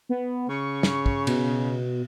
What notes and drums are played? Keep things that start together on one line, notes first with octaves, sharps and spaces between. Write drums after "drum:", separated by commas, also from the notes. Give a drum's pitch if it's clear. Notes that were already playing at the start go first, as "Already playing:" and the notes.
B3
C#3 C#6
drum: snare
drum: kick
B2, drum: cymbal